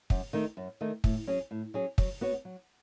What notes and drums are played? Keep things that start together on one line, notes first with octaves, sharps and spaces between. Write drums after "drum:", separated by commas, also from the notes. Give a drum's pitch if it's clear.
F#2, drum: kick
D#3 A3 D#4
F#2
D#3 A3 D#4
A2, drum: kick
F#3 C#4 G#4
A2
F#3 C#4 G#4
F#3, drum: kick
B3 F#4 C#5
F#3